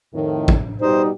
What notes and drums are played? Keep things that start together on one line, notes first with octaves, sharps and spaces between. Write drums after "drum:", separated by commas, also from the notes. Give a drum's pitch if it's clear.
F2 A2 D#3
drum: kick
B2 G3 D#4 C5